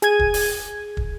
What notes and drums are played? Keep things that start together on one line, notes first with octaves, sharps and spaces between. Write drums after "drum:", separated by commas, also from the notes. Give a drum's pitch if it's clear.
G#4 G#6 D#7, drum: hi-hat
drum: kick
drum: open hi-hat
drum: kick